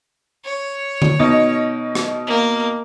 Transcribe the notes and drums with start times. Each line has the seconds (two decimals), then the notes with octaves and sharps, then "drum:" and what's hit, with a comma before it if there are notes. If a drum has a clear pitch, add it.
0.44 C#5
1.02 drum: tom D3
1.19 B2 D#4
1.95 drum: rim click
2.27 A#3